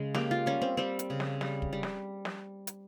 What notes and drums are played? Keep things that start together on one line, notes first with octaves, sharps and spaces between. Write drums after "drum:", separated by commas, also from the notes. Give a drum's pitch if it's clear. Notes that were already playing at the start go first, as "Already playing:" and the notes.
Already playing: C#3 G#3
A#3 G4, drum: snare
F4
G3 C#4
C4
G3 C4
drum: hi-hat
C#3
drum: snare
G3, drum: snare
drum: kick
G3
drum: snare
drum: snare
drum: hi-hat